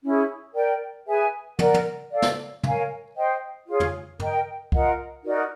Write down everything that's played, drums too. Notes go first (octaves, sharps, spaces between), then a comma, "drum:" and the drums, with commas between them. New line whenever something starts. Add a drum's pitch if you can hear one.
C#4 E4 G#4
A#4 D5 G5
G#4 B4 E5 G#5
A#4 D5 F#5, drum: tom
drum: tom
A4 D5 F5
drum: snare
A#4 C#5 F5 G#5, drum: tom
C5 D#5 G5
F4 G#4 C#5
drum: tom
A#4 D#5 G5, drum: tom
F4 A#4 D#5 F#5, drum: kick C2
D#4 F#4 A#4 D5